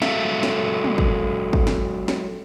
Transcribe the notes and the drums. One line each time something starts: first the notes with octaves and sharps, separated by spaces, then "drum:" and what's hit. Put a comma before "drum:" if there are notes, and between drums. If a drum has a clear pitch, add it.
F#3 G#3 A4 E5 F5, drum: snare
drum: snare
drum: tom
drum: kick
drum: kick
drum: snare
drum: snare